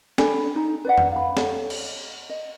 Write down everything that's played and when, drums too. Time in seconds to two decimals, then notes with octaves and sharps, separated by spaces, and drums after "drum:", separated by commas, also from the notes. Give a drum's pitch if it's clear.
0.18 D4 A4 G#5 B5, drum: snare
0.56 D#4
0.85 B4 D5 F#5
0.98 drum: tom F2
1.12 F5 B5
1.37 A4 C#5 F#5, drum: snare
1.70 drum: cymbal
2.30 D#5